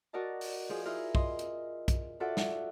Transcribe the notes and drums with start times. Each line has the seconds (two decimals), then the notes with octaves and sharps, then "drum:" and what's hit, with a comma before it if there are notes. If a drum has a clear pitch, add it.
0.13 F#4 A#4 D5 D#5 A5
0.41 drum: open hi-hat
0.70 F3 G#4
0.85 E4 F4 G#4 A#4
1.15 D#5 C6, drum: kick B1
1.39 drum: hi-hat
1.88 drum: kick B1, hi-hat
2.20 F4 F#4 A4 D5 E5 F#5
2.37 drum: snare